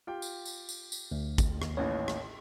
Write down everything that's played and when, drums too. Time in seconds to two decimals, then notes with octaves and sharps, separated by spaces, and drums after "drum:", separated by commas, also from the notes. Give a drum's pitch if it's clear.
0.07 F4 G4 G5
0.22 drum: tambourine
0.45 drum: tambourine
0.69 drum: tambourine
0.92 drum: tambourine
1.11 D2
1.38 drum: kick, tambourine
1.62 D#2, drum: rim click
1.77 A1 D#2 A2 C#5
2.08 drum: rim click